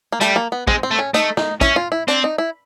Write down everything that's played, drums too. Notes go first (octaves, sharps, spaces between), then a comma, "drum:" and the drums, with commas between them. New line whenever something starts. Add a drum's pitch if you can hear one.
A#3
G3 A3, drum: hi-hat
A#3
B3
G#3 C4, drum: kick
C4
A3
C#4
A3 D#4, drum: hi-hat
D#4, drum: snare
C#4 E4, drum: kick, hi-hat
F4
E4
C4 D4, drum: hi-hat
D#4
E4